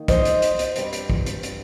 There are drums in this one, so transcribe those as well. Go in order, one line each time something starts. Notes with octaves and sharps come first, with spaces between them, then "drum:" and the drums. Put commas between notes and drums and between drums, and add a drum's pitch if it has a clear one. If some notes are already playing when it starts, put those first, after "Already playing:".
Already playing: D#3 A#3 D#4
C5 D#5, drum: kick, hi-hat
drum: hi-hat
drum: hi-hat
drum: hi-hat
G2 G3 C4, drum: hi-hat
drum: hi-hat
drum: kick
drum: hi-hat
drum: hi-hat